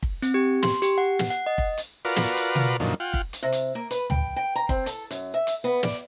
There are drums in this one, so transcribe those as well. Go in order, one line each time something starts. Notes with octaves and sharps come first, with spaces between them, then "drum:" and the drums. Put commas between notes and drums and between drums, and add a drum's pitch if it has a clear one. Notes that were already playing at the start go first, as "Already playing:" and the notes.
drum: kick
C4, drum: hi-hat
G4
C6, drum: snare
G4, drum: hi-hat
F#5
drum: snare
F#5
D#5
drum: kick
drum: hi-hat
F4 F#4 A#4 B4 D5
drum: snare
drum: hi-hat
drum: tom B2
F#2 A#2 D3 D#3 F3
F4 F#5 G5
drum: kick
drum: hi-hat
C3
drum: hi-hat
A#3
B4, drum: hi-hat
G5, drum: tom
G5
A#5
C4, drum: kick
A4, drum: hi-hat
F#2, drum: hi-hat
E5
drum: hi-hat
B3
D5, drum: snare